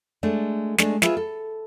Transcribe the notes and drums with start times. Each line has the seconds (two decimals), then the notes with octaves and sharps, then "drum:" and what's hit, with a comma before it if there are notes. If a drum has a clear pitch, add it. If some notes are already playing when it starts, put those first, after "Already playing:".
0.23 G#3 A3 D4
0.78 G#3 A3 D4, drum: snare
1.02 F4 G#4 B4 E5, drum: snare
1.17 A4